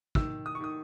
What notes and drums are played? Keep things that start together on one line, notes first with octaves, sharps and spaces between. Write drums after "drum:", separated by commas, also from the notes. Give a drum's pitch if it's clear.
D#3 E6, drum: kick
D#6
C#6
D#3 D#6